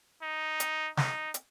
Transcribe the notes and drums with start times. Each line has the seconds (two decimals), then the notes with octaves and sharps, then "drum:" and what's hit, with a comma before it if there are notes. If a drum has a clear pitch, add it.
0.23 D#4
0.60 drum: hi-hat
0.97 D#4, drum: snare
1.34 drum: hi-hat